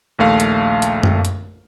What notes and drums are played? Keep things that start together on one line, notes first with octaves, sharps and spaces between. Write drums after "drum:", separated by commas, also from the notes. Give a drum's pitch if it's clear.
A#1 D#2 A3 F5
drum: hi-hat
drum: hi-hat
drum: tom F#2
drum: hi-hat